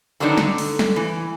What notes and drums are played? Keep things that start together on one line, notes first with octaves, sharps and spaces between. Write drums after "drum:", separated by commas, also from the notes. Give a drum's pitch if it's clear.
D3 D#3 F#3 B3 D4 D#4
D3, drum: snare
drum: open hi-hat
drum: snare
E3